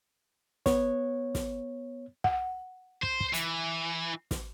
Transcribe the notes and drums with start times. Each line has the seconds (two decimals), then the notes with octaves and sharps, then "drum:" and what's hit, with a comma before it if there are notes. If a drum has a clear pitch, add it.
0.66 B3 C#5, drum: snare
1.35 drum: snare
2.24 F#5, drum: kick
3.03 C5, drum: kick
3.20 drum: kick
3.34 E3, drum: hi-hat
4.31 drum: snare